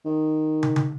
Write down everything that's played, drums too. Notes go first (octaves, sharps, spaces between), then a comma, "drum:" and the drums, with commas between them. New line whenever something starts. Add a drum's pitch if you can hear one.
D#3
drum: tom
drum: tom